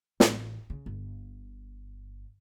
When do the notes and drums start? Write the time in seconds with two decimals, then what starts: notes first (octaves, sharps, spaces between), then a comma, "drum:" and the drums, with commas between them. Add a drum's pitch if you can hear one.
0.20 A1, drum: snare
0.70 C#3
0.86 G1